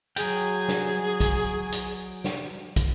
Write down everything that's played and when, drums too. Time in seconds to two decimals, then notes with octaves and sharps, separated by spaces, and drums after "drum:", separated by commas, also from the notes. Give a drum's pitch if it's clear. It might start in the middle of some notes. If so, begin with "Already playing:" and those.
0.16 F#3 G#4 G5, drum: hi-hat
0.68 drum: snare
1.20 drum: kick, hi-hat
1.72 drum: hi-hat
2.24 drum: snare
2.76 drum: kick, hi-hat